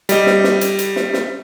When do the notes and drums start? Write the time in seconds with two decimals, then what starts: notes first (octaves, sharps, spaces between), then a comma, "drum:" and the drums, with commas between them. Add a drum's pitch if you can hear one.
0.09 G3 D#5, drum: hi-hat
0.26 drum: snare
0.44 drum: snare
0.61 drum: hi-hat
0.79 drum: hi-hat
0.96 drum: snare
1.13 drum: snare